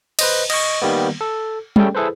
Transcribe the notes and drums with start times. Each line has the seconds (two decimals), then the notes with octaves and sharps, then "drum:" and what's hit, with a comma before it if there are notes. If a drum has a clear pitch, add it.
0.19 B4 C5 D#5, drum: cymbal
0.50 D#5 C#6, drum: cymbal
0.82 D#3 G3 A#3 B3
1.21 A4
1.76 G3 A3 C#4 G#4 A4 G5, drum: tom G3
1.94 E4 G#4 A4 B4 C5